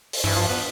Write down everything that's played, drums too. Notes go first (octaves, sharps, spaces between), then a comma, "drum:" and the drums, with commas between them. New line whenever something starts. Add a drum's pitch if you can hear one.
drum: open hi-hat
G2 E3 E4
F3 F4
B3 B4